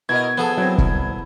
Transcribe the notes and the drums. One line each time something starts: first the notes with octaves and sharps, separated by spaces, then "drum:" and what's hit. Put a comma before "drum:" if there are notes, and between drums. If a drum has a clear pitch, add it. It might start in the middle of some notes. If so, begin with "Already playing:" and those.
B2 E4 A#4 D#5 G#6
F3 B3 G#4 A4
F#3 C4 E4
C2, drum: kick